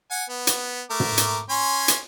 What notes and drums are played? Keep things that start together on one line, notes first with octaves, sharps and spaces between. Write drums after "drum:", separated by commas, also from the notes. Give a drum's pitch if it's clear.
F#5 G#5
B3
drum: hi-hat
A3 A#4 D6
drum: tom
drum: hi-hat
C#4 G#5 C6
drum: hi-hat